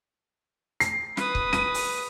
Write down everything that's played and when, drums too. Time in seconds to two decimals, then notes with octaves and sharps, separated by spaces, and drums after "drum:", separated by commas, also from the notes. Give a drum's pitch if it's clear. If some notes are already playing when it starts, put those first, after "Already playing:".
0.80 C7, drum: hi-hat
1.17 B4 D#6, drum: snare
1.35 drum: kick
1.53 D#7, drum: snare
1.74 drum: open hi-hat